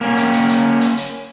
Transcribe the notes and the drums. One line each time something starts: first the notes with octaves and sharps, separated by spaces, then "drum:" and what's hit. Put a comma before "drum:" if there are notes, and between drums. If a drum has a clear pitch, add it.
A#3 C#4
drum: hi-hat
drum: hi-hat
drum: hi-hat
drum: hi-hat
drum: hi-hat